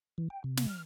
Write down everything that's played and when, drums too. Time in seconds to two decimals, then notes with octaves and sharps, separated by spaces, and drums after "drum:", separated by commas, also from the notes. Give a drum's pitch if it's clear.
0.18 E3
0.30 G5
0.44 C3
0.57 drum: snare
0.68 F6